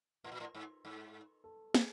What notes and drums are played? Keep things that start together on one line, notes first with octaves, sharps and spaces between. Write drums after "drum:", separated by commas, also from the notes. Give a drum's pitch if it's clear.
A2 B4
A#2
A2
G#2
G#2
A4
G#4, drum: snare